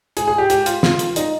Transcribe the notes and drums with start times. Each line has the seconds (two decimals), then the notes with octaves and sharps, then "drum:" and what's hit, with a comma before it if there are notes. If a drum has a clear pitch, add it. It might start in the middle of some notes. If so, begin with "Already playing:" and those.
0.17 G#4, drum: hi-hat
0.28 G#4
0.38 G4
0.50 G4, drum: hi-hat
0.66 F4, drum: hi-hat
0.83 F4, drum: snare
0.99 drum: hi-hat
1.16 D#4, drum: hi-hat